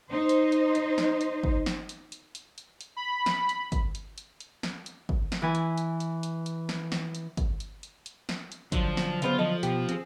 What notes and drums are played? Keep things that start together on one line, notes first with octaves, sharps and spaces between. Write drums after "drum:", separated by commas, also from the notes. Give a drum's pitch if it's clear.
D#4 C5
drum: hi-hat
drum: hi-hat
drum: hi-hat
drum: snare
drum: hi-hat
drum: kick
drum: snare
drum: hi-hat
drum: hi-hat
drum: hi-hat
drum: hi-hat
drum: hi-hat
B5
drum: snare
drum: hi-hat
drum: kick, hi-hat
drum: hi-hat
drum: hi-hat
drum: hi-hat
drum: snare
drum: hi-hat
drum: kick
drum: snare
E3 B4 G#5
drum: hi-hat
drum: hi-hat
drum: hi-hat
drum: hi-hat
drum: hi-hat
drum: snare
drum: snare
drum: hi-hat
drum: kick, hi-hat
drum: hi-hat
drum: hi-hat
drum: hi-hat
drum: snare
drum: hi-hat
D3 F3 F#3 D4, drum: kick, hi-hat
drum: snare
C#3 B3 F4 C5, drum: hi-hat
F3 A4 D#5 F5
B2 G4, drum: hi-hat
C4 G#4, drum: hi-hat